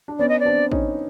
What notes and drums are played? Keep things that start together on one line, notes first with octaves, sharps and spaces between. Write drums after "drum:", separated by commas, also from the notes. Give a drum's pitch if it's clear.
D4
B3 C#4 D5
D#5
D5
C4 D4
C#4 D#4, drum: kick